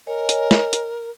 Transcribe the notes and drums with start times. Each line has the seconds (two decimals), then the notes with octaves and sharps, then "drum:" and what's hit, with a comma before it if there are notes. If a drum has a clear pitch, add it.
0.07 A#4 C#5 D#5 G#5
0.29 drum: hi-hat
0.51 drum: snare
0.73 drum: hi-hat